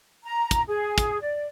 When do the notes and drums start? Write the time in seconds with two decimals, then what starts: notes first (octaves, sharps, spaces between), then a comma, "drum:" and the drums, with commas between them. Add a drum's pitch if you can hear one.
0.25 A#5
0.51 drum: kick, hi-hat
0.68 G#4
0.98 drum: kick, hi-hat
1.21 D5